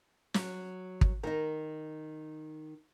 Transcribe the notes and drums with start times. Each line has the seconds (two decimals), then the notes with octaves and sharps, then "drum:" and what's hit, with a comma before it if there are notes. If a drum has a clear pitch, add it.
0.34 F#3, drum: snare
1.01 drum: kick
1.23 D#3 D#4 A#4